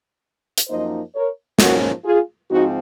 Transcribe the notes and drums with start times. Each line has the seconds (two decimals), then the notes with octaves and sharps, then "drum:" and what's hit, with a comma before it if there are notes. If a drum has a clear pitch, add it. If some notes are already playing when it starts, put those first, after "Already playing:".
0.58 drum: hi-hat
0.68 F#2 F3 A#3 D#4 C5 D#5
1.14 A#4 C#5
1.59 G#2 F3 A#3 C#4 F#4 A#4, drum: snare
2.04 F4 G#4
2.49 G#2 F3 C4 D#4 F#4